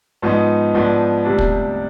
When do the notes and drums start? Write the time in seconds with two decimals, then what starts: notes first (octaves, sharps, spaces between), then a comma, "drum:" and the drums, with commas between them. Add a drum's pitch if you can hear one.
0.22 G#2 F3 B3 D#4
0.74 G#2 F3 B3 D4
1.25 D2 C3 G3 D4
1.39 drum: kick